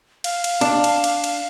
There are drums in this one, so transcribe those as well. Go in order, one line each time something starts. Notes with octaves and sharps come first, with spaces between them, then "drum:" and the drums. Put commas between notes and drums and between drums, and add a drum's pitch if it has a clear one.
F5, drum: cymbal
drum: cymbal
D4, drum: cymbal
drum: cymbal
drum: cymbal
drum: cymbal